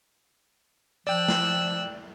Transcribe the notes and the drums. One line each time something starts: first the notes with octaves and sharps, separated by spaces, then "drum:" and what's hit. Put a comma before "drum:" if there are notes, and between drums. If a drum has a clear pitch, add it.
F3 D5 G5 E6 F#6
drum: snare